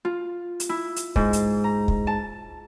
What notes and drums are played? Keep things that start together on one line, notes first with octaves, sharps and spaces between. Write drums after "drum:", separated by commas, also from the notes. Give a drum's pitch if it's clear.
F4
drum: hi-hat
E4
drum: hi-hat
G#2, drum: kick
drum: hi-hat
A#5
drum: kick
A5